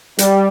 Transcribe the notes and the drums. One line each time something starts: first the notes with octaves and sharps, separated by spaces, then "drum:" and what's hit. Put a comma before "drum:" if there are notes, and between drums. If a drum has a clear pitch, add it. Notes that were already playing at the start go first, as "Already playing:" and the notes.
G3, drum: hi-hat